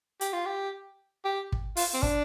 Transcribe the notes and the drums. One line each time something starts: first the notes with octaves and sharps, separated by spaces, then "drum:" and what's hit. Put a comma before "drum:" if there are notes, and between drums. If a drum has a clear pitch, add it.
G4, drum: hi-hat
F4
G4
G4
drum: kick
F4, drum: open hi-hat
C4
D4, drum: kick